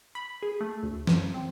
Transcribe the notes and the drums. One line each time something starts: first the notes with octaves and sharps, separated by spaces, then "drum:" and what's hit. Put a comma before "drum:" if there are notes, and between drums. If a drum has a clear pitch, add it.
B5
G#4
A3
D2
F#2, drum: snare
C4